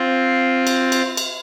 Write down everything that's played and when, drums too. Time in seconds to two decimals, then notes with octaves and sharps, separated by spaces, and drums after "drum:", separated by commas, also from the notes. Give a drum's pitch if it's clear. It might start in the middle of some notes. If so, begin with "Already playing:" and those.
Already playing: C4 F4
0.67 drum: cymbal
0.92 drum: cymbal
1.17 drum: cymbal